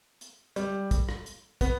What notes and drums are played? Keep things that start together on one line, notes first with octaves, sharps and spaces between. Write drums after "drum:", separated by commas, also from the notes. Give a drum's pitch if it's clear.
drum: hi-hat
G3, drum: hi-hat
drum: kick, hi-hat
drum: rim click
drum: hi-hat
B3, drum: kick, hi-hat